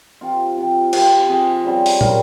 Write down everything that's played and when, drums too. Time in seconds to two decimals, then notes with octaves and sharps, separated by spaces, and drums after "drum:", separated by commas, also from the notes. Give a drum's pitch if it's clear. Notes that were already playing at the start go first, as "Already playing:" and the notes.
0.21 C3 F3 C4 F4
0.57 C3 F3 C4
0.93 C3 F3 C4 G4, drum: cymbal
1.29 C3 F3 C4 G#4
1.65 C#3 G3 C4
1.86 drum: open hi-hat
2.01 C#3 G3 C4 A#4, drum: tom